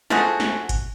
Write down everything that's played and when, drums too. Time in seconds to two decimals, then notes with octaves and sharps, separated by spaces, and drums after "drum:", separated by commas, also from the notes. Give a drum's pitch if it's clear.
0.10 F3 A3 F#4 G#4, drum: snare
0.40 drum: snare
0.69 drum: kick G1, hi-hat